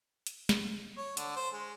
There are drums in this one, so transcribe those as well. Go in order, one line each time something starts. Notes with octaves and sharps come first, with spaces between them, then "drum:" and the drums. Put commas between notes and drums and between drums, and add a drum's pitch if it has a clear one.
drum: hi-hat
drum: snare
C#5
D3, drum: hi-hat
C5
G#3